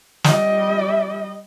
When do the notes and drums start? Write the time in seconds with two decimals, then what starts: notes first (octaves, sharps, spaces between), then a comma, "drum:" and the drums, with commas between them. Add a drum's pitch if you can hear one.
0.24 G3 D#5, drum: snare